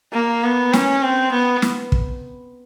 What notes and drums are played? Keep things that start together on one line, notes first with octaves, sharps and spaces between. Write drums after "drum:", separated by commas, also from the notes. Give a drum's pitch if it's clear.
A#3
B3
C#4, drum: snare
C4
B3
drum: snare
drum: kick